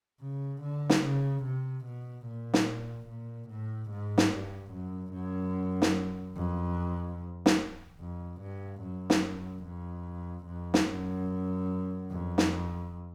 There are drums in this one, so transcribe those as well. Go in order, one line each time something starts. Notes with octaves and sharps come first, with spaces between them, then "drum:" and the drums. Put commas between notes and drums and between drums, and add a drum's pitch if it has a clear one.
C#3
D3
drum: snare
C#3
C3
B2
A#2
drum: snare
A#2
A2
G#2
drum: snare
G2
F#2
F#2
drum: snare
F2
drum: snare
F2
G2
F#2
drum: snare
F2
F2
drum: snare
F#2
F2
drum: snare